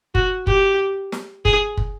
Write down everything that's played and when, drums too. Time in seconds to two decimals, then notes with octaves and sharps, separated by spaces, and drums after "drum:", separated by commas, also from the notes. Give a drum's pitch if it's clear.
0.15 F#4, drum: kick
0.47 G4, drum: kick
1.12 drum: snare
1.45 G#4, drum: kick
1.77 drum: kick